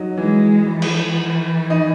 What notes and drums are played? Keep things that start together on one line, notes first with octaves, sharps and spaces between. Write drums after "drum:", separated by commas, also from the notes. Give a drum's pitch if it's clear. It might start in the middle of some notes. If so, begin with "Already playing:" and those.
Already playing: F#3 D#4
E3 G#3
E3
drum: cymbal
D#4